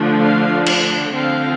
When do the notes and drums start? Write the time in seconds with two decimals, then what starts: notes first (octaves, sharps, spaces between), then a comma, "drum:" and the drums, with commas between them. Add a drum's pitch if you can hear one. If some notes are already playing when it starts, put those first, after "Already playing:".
Already playing: D3 F3 A3 D4
0.22 F5
0.66 drum: cymbal
1.15 D3 F3 C4 F5